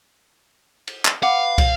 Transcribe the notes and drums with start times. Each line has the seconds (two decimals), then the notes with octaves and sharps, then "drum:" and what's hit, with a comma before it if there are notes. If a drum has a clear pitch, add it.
0.87 drum: cymbal
1.05 drum: clap
1.23 B4 F5 F#5 D6
1.58 drum: kick, cymbal